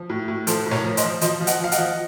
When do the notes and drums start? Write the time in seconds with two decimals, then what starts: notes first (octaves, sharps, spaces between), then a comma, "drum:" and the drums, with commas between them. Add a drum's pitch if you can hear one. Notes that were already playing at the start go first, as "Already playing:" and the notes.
Already playing: F3
0.09 A2
0.28 A2
0.47 F3 A4 C5, drum: hi-hat
0.66 A2
0.71 A#4 C#5, drum: snare
0.84 F3
0.97 C5 D#5, drum: hi-hat
1.04 F3
1.21 F3 C5 D#5, drum: hi-hat
1.40 F3
1.47 D#5 F#5, drum: hi-hat
1.60 F3 F5
1.72 D#5 F#5, drum: hi-hat
1.78 F3